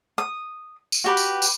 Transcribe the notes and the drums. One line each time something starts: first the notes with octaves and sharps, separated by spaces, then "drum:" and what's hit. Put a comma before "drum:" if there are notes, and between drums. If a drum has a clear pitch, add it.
D#6
drum: tambourine
F#4 G4 B4
drum: tambourine
drum: tambourine